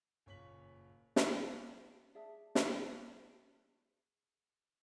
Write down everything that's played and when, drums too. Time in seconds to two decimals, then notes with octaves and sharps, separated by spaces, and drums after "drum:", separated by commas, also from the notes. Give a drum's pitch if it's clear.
0.26 F#1 A#2 C#5 B6 F#7
1.16 F#4 F5 G#5, drum: snare
2.15 G#4 D5 E5 A5
2.55 drum: snare